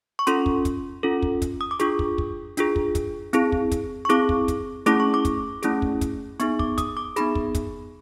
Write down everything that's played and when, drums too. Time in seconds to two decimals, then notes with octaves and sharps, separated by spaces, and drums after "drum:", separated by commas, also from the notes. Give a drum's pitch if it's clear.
0.19 C#6
0.27 C#4 F4 A4 C6, drum: hi-hat
0.46 drum: kick
0.65 drum: kick, hi-hat
1.03 C#4 F4 A4
1.22 drum: kick
1.42 drum: kick, hi-hat
1.61 D#6
1.71 D6
1.79 D4 F4 G#4 C#6, drum: hi-hat
1.99 drum: kick
2.18 drum: kick
2.57 D4 F4 G#4, drum: hi-hat
2.76 drum: kick
2.95 drum: kick, hi-hat
3.33 C4 E4 G#4, drum: hi-hat
3.52 drum: kick
3.71 drum: kick, hi-hat
4.05 C#6
4.09 C4 E4 G#4 D6, drum: hi-hat
4.29 drum: kick
4.48 drum: kick, hi-hat
4.86 A3 C#4 E4 G#4 D6, drum: hi-hat
5.00 C#6
5.14 D6
5.25 drum: kick, hi-hat
5.63 A3 C#4 E4 G#4, drum: hi-hat
5.82 drum: kick
6.01 drum: kick, hi-hat
6.40 B3 D#4 G#4 C#6, drum: hi-hat
6.59 D6, drum: kick
6.78 D#6, drum: kick, hi-hat
6.97 D6
7.16 B3 D#4 G#4 B5, drum: hi-hat
7.35 drum: kick
7.55 drum: kick, hi-hat